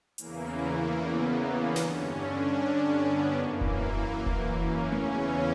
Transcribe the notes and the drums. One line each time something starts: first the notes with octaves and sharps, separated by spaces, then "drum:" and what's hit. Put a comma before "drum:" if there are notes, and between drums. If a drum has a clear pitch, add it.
E2 C#3 E3 A#3, drum: hi-hat
B3
G2 D3 C#4, drum: snare
D4
B3
F#2 E3 A#3
drum: kick E1
drum: kick E1
C#4
E2 C#3 E3 C#4, drum: tom A3